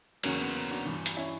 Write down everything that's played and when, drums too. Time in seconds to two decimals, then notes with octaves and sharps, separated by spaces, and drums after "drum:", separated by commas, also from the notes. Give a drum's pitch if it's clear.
0.23 E2 C#3 F#3 A#3 C#4, drum: cymbal
0.39 B3
0.55 B3
0.70 D4 F#4
0.86 G2 E3
1.06 drum: hi-hat
1.17 C#4 E4